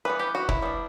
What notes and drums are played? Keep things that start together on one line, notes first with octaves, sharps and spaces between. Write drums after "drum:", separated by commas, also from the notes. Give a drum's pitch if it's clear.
E3 G3 B3 B4
G4
F#4
E4, drum: kick
G3 B3 D4